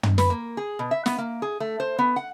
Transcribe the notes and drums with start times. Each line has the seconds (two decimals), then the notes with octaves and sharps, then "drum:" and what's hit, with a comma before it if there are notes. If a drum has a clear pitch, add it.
0.03 drum: tom
0.18 B4, drum: snare
0.30 A#3
0.57 G#4
0.79 B2
0.91 E5
1.06 B3, drum: snare
1.18 A#3
1.42 G#4
1.60 A3
1.80 C5
1.99 B3
2.16 F#5